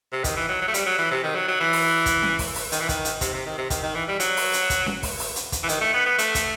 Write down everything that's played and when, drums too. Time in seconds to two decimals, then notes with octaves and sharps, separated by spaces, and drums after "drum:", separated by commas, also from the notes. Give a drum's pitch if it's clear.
0.12 C3
0.24 D#3, drum: kick, hi-hat
0.36 E3
0.49 F#3
0.61 F#3
0.68 A3
0.74 G3, drum: hi-hat
0.86 F#3
0.98 E3
1.11 C3
1.24 D#3
1.36 F#3
1.48 F#3
1.60 E3
1.73 drum: open hi-hat
2.06 drum: kick, hi-hat
2.22 drum: snare C#4
2.39 drum: kick, open hi-hat
2.55 drum: open hi-hat
2.72 D#3, drum: hi-hat
2.80 E3
2.89 D#3, drum: kick, hi-hat
3.05 drum: hi-hat
3.21 C3, drum: kick, hi-hat
3.33 C3
3.46 D#3
3.58 C3
3.70 D#3, drum: kick, hi-hat
3.83 D#3
3.95 E3
4.08 G3
4.20 F#3, drum: hi-hat
4.37 drum: open hi-hat
4.53 drum: hi-hat
4.70 drum: kick, hi-hat
4.86 drum: snare C#4
5.03 drum: kick, open hi-hat
5.19 drum: open hi-hat
5.36 drum: hi-hat
5.52 drum: kick, hi-hat
5.63 E3
5.69 D#3, drum: hi-hat
5.81 A3
5.94 B3
6.06 B3
6.18 A3, drum: hi-hat
6.35 drum: kick, hi-hat